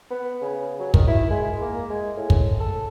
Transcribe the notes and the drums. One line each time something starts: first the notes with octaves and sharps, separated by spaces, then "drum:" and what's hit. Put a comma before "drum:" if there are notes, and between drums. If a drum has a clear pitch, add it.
B3
C#3
F#3
D#3, drum: kick
E4
G#3
A#3
G#3
A2
drum: kick
A4